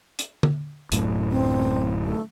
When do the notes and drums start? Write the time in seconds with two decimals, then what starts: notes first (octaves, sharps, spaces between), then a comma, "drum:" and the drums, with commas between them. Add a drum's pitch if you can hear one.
0.19 drum: hi-hat
0.43 drum: tom D3
0.92 D1 F#2 A2, drum: hi-hat
1.31 C4
2.03 A3